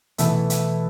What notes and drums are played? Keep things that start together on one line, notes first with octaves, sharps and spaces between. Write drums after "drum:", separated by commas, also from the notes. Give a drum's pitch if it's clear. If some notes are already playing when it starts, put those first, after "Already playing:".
B2 E3 A3 E4 A4, drum: hi-hat
drum: hi-hat